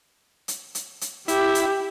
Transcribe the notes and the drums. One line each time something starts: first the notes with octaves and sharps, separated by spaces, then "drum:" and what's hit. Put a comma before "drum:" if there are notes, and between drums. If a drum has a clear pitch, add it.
drum: hi-hat
drum: hi-hat
drum: hi-hat
E4 G4, drum: hi-hat
drum: hi-hat